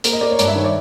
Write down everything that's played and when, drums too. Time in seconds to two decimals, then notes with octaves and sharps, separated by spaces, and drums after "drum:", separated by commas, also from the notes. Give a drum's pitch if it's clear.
0.04 A#3, drum: hi-hat
0.13 D#5
0.21 A#3 D5
0.31 C#5
0.39 G2 D5, drum: hi-hat
0.48 E5
0.56 D#3 C#5
0.64 D5